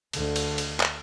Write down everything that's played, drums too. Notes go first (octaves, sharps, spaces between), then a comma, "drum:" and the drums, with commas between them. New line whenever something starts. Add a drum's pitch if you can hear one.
D2 D3, drum: cymbal
drum: cymbal
drum: cymbal
drum: clap